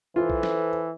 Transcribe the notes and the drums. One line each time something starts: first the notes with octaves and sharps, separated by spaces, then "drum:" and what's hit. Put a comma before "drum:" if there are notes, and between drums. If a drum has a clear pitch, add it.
E3 F4 A4 B4 C5
drum: kick A#1
drum: snare